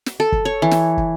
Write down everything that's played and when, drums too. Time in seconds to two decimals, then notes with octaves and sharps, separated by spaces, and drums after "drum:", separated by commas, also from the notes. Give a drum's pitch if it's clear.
0.06 drum: snare
0.20 A4
0.32 drum: kick
0.45 C#5
0.62 E3
0.71 drum: snare
0.97 drum: kick